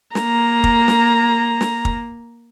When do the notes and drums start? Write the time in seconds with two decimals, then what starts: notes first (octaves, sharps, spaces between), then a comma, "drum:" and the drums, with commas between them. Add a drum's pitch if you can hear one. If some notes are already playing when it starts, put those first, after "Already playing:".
0.15 A#3 A#5, drum: snare
0.64 drum: kick
0.88 drum: snare
1.61 drum: snare
1.85 drum: kick